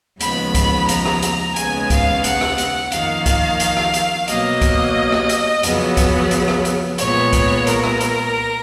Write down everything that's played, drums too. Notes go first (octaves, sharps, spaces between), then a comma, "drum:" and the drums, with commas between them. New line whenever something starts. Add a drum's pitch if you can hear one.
D#2 C#3 F3 G#3 B3 B5, drum: hi-hat
drum: kick C2, hi-hat
A#5, drum: hi-hat
drum: rim click
drum: hi-hat
D#2 C#3 G#3 B3 G#5, drum: hi-hat
F5, drum: kick C2, hi-hat
F#5, drum: hi-hat
drum: rim click
drum: hi-hat
F2 D#3 A#3 F5, drum: hi-hat
drum: kick C2, hi-hat
drum: hi-hat
drum: rim click
drum: hi-hat
B2 F#3 A#3 D#5, drum: hi-hat
drum: kick C2, hi-hat
drum: rim click
drum: hi-hat
F2 C#3 F#3 B3, drum: hi-hat
drum: kick C2, hi-hat
drum: hi-hat
drum: rim click
drum: hi-hat
A#2 G#3 B3 C#5, drum: hi-hat
drum: kick C2, hi-hat
A#4, drum: hi-hat
drum: rim click
drum: hi-hat